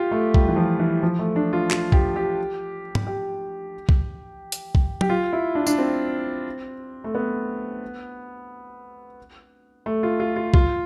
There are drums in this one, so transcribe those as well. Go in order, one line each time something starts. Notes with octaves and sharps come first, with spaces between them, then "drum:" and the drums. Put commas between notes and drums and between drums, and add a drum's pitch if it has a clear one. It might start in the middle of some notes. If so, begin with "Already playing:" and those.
Already playing: F4 G4
A3
G3, drum: kick B1
E3
F3
E3
F3
A3
D4
F4
F4, drum: clap
G4, drum: kick B1
G4
drum: tom G#2
G4
drum: kick B1
drum: hi-hat
drum: kick B1
G4, drum: tom F#3
F4
E4
D4
D4, drum: tambourine
C4
A3
B3
A3
F4
F4
F4
F4, drum: kick B1